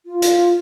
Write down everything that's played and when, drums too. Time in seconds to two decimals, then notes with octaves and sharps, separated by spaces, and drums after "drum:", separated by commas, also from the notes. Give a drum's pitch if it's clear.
0.06 F4
0.22 drum: hi-hat